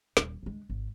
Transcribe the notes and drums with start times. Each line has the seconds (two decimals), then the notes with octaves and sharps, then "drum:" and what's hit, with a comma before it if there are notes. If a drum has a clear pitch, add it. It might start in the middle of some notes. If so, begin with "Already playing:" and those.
0.17 D#1, drum: snare
0.43 D2 G#3
0.69 G#1